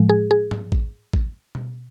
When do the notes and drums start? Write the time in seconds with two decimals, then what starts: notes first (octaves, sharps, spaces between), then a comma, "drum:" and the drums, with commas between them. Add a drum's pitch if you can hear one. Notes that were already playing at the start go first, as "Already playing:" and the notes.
Already playing: A2 F3 G#3
0.09 G#4
0.31 G#4
0.51 drum: tom G#2
0.72 drum: kick A1
1.13 drum: kick A1
1.55 drum: tom B2